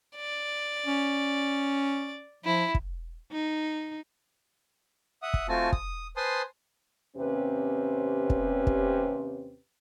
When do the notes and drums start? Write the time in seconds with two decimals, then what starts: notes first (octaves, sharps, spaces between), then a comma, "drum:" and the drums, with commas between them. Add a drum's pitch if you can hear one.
0.15 D5
0.86 C#4
2.45 F3 E4
2.75 drum: kick
3.31 D#4
5.23 E5 F#5 D#6
5.34 drum: kick
5.49 A3 C4 F4 F#4 G#5 A5
5.73 D#6, drum: kick
6.17 B4 C5 G#5 A5 C6 D#6
7.15 D#2 C3 C4 C#4 G4 B4
8.30 drum: kick
8.67 drum: kick